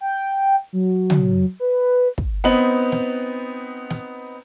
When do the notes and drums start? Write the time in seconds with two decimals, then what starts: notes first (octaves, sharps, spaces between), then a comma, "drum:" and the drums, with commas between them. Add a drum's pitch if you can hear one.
0.01 G5
0.73 F#3
1.10 drum: tom
1.60 B4
2.18 drum: kick
2.44 B3 C4 D#4 B4 F#7
2.92 drum: snare
3.90 drum: snare